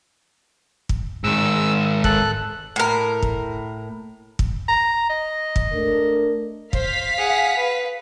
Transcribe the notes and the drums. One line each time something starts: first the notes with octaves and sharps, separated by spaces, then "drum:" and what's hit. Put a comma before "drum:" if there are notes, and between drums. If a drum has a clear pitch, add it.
drum: kick
G#2 D#3 E6
A4 F#6, drum: kick
A2 A#4
drum: kick
drum: kick
A#5
D#5
drum: kick
A3 D4 A#4
C5 F5 B6, drum: kick
G#4 F#5
B4